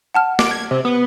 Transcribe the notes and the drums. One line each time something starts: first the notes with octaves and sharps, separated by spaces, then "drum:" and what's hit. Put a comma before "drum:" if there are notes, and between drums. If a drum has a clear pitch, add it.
F#5 A5 F6
D6 D7, drum: snare
G#6
C3
B3